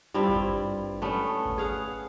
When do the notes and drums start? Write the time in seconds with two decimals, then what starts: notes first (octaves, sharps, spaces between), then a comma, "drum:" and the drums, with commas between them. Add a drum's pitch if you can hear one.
0.14 G2 C4 E4 F4
0.29 drum: kick G#1
1.02 A3 B3 C#4
1.45 drum: kick G#1
1.58 G#4 F5 F#5